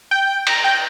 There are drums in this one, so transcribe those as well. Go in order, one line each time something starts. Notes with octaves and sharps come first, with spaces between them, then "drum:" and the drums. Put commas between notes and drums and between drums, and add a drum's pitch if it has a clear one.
G5
A#5, drum: cymbal
G5